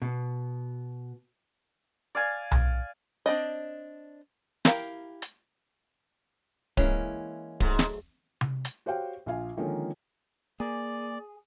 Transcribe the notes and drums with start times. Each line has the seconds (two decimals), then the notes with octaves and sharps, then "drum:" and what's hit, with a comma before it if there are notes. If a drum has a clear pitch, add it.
0.02 B2
2.15 D5 F5 G#5
2.51 drum: tom B1
3.26 C4 D4 D5 D#5
4.65 E4 G4 A#4 F5, drum: snare
5.22 drum: hi-hat
6.77 E3 G#3 A#3 C#4, drum: kick D1
7.60 G#2 F#3 A3, drum: kick D1
7.79 drum: snare
8.41 drum: tom C3
8.65 drum: hi-hat
8.86 F#4 G4 C5 C#5 F5 G5
9.26 A#1 F3 F4 F5 G#5
9.57 D3 D#3 F3 G#3 A#3 C#4
10.60 A#3 G#4 D5